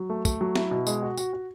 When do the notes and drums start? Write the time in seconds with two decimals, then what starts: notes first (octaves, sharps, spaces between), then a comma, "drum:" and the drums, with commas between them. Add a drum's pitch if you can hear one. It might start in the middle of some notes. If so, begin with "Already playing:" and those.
Already playing: F#3
0.10 A3
0.25 A3, drum: kick, tambourine
0.41 F#3
0.56 E4, drum: snare
0.71 B2
0.87 G#3, drum: tambourine
1.03 F#4
1.17 F#4, drum: tambourine
1.33 F#4